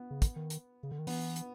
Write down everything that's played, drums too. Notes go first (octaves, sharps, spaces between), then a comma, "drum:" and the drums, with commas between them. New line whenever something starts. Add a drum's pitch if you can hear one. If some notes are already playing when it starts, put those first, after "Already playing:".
Already playing: B3
C#3
D3, drum: kick, hi-hat
D#3
drum: hi-hat
C#3
D3
D#3
E3 B3, drum: open hi-hat
drum: hi-hat